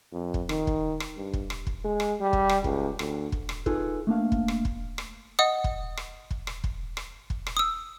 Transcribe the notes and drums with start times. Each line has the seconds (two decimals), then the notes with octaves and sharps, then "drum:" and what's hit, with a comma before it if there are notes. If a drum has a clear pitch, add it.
0.12 F2
0.34 drum: kick
0.49 D#3, drum: rim click
0.67 drum: kick
1.00 drum: rim click
1.17 G2
1.33 drum: kick
1.50 drum: rim click
1.67 drum: kick
1.84 G#3
2.00 drum: rim click
2.21 G3
2.33 drum: kick
2.49 drum: rim click
2.64 C#2, drum: kick
2.99 D2, drum: rim click
3.32 drum: kick
3.49 drum: rim click
3.66 D#4 F4 G#4 A4 B4, drum: kick
4.07 A3 A#3 D4 F5
4.32 drum: kick
4.48 drum: rim click
4.65 drum: kick
4.98 drum: rim click
5.39 D#5 F#5 D#6
5.64 drum: kick
5.97 drum: rim click
6.31 drum: kick
6.47 drum: rim click
6.64 drum: kick
6.97 drum: rim click
7.30 drum: kick
7.47 drum: rim click
7.57 D#6 E6